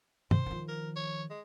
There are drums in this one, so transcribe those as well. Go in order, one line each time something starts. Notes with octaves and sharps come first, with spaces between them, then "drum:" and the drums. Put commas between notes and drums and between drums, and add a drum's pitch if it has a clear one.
C3 C5, drum: tom G2
D#3 F3
A#4
C#5
G#3